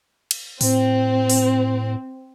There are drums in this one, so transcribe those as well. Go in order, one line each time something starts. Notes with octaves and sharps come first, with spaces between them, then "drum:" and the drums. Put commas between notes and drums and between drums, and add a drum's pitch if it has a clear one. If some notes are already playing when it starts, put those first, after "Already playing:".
drum: cymbal
A2 C4, drum: open hi-hat
drum: open hi-hat